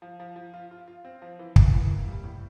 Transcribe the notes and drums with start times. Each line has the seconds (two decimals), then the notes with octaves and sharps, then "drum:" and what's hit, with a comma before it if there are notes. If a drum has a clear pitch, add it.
0.02 F3
0.20 F3
0.36 F3
0.54 F4
0.71 F4
0.87 F4
1.05 C4
1.22 F3
1.39 E3
1.56 A#3, drum: kick
1.72 E3
1.90 A#3
2.07 G3
2.24 A2